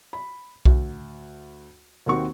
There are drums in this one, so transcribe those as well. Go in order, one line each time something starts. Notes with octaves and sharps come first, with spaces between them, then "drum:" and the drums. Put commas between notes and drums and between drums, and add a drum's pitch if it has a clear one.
B5
D2, drum: kick B1
D#2 D#3 C4 F#4 C#6